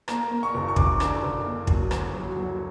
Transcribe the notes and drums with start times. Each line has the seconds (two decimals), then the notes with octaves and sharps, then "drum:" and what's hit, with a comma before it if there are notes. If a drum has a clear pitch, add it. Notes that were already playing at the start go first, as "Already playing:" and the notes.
0.08 A#3 A#5, drum: rim click
0.32 A#3
0.43 C#6
0.54 F#1
0.68 C#6
0.76 F#1 D6, drum: kick
1.00 D3, drum: rim click
1.23 F#1
1.45 A#3
1.67 F#3, drum: kick
1.91 D2, drum: rim click
2.14 F#3
2.36 F#3